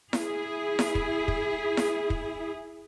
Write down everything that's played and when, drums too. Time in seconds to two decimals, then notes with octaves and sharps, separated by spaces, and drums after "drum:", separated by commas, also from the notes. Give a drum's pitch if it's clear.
0.13 E4 G#4, drum: snare E4
0.79 drum: snare E4
0.95 drum: kick
1.28 drum: kick
1.77 drum: snare E4
2.10 drum: kick